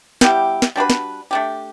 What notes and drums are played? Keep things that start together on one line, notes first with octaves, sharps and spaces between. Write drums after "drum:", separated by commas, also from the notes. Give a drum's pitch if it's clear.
G3 B3 E4 G4, drum: snare
drum: snare
G3 D4 F#4 B4
drum: snare
A3 D4 G4